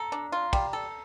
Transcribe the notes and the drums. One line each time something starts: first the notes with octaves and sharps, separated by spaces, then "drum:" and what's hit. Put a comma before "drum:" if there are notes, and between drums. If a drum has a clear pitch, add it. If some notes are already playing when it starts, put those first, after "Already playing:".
Already playing: A4 A#5
D4
F4
G3, drum: kick, cymbal
A4